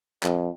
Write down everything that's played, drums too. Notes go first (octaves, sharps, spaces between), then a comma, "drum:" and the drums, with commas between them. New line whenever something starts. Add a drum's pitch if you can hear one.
F2, drum: clap